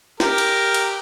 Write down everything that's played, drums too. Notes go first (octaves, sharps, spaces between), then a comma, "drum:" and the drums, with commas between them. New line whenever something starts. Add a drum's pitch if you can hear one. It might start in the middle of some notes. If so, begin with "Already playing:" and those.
G4 A#4, drum: snare
drum: cymbal
drum: cymbal